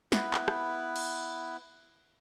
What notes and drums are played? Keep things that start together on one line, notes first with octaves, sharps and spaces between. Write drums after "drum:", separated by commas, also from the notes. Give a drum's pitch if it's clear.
B3 E4 B4, drum: snare
drum: clap
drum: rim click
drum: cymbal